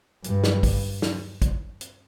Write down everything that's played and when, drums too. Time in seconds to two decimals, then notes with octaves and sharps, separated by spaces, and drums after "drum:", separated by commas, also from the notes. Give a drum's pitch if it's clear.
0.24 G2, drum: hi-hat
0.44 drum: snare
0.63 drum: kick, open hi-hat
1.02 drum: snare
1.42 drum: kick, hi-hat
1.81 drum: hi-hat